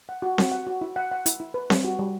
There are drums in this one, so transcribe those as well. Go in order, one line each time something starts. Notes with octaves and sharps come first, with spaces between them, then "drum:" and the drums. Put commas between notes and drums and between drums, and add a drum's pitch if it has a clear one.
F#5
F#4
F#4, drum: snare C4
F#5
F#4
E4
F#5
F#5
E4, drum: hi-hat
E4
B4
G3, drum: snare C4
F#4
G3